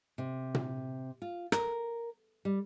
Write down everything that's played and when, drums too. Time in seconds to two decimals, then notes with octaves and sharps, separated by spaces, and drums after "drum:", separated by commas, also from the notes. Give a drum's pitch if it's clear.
0.18 C3
0.54 drum: tom A#2
1.22 F4
1.52 A#4, drum: rim click
2.45 G3